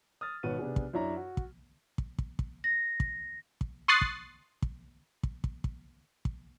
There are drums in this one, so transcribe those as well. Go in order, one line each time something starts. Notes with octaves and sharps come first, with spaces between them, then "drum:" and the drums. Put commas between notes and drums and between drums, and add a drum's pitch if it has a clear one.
D#6 F6 A6
G#1 B2 B3 C#5 D#7
C3 B3 D4 G#4
drum: kick
F#2 D4 E4 C#5 A#5
F#4
drum: kick
drum: kick
drum: kick
drum: kick
A#6
drum: kick
drum: kick
C6 C#6 D#6 F#6 A6 C7
drum: kick
drum: kick
drum: kick
drum: kick
drum: kick
drum: kick